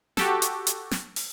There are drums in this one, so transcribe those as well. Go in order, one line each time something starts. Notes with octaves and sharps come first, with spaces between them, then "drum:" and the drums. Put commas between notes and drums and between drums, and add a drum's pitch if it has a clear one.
F#4 G4 A4, drum: snare
drum: hi-hat
drum: hi-hat
drum: snare
drum: open hi-hat